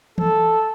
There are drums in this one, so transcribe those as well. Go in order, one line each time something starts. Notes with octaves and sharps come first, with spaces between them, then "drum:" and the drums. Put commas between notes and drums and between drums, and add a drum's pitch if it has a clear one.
A4, drum: tom E3